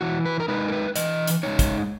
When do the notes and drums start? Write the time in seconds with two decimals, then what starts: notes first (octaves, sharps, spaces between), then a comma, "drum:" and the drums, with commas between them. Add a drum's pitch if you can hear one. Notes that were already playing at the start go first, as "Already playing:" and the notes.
0.01 E3 F#4
0.26 B4
0.40 A#4
0.48 G#3 D#4 B4
0.68 A#4
0.72 B4
0.96 E3 D#5, drum: hi-hat
1.27 drum: hi-hat
1.43 G#3 D#4 C#5
1.59 drum: kick, hi-hat